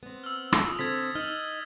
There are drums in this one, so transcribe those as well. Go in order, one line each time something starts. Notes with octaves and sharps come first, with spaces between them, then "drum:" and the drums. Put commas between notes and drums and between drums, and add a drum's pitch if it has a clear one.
B3 C4
E6 F6
drum: rim click
F4 D#6
D3 C4 A4 G#6 A6 B6
D#4 F6 F#7